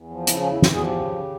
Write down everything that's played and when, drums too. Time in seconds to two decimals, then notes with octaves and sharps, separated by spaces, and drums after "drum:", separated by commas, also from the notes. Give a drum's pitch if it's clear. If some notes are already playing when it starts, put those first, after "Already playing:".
Already playing: E2
0.10 F3
0.27 C#3 E4, drum: hi-hat
0.40 C#4
0.45 E2
0.51 E4
0.62 E2, drum: snare
0.74 G#4
0.80 F3
0.85 G4
0.97 C#3